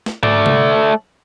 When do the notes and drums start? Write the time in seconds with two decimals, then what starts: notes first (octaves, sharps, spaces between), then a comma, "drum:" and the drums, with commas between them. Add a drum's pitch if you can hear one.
0.06 drum: snare
0.23 A3 D5, drum: tom
0.46 drum: tom C3